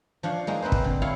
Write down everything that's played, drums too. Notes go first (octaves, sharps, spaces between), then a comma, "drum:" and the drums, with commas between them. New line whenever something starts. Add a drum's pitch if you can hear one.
F3 D4 C#5 F5
G#3 A#3 D#4
C4 D#4 B4 C5
drum: kick
D3
E4 F4 A4 C#5 F5